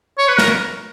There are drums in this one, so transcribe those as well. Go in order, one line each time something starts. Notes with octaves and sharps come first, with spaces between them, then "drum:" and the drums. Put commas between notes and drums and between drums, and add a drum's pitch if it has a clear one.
C#5
B4
A#4, drum: snare